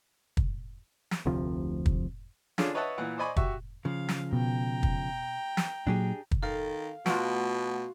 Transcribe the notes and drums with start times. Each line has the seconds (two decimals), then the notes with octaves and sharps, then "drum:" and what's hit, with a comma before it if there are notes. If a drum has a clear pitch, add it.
0.37 drum: kick
1.11 drum: snare
1.26 F1 D2 C3 F3
1.86 drum: kick
2.58 D3 C#4 D4 F4 G#4, drum: snare
2.74 B4 C#5 D#5 E5 F#5 A5
2.98 A#2 E3 F#5
3.18 C5 D5 D#5 G#5 B5 C#6
3.37 F#4 G4 E5 C#6, drum: kick
3.85 C#3 F3 F5
4.09 drum: snare
4.33 B2 G5 A#5
4.83 drum: kick
5.57 drum: snare
5.87 A#2 F#3 D4 G4 G#4
6.31 drum: kick
6.43 D#3 A4 F5
7.06 B2 A3 F4 F#4 F#5, drum: snare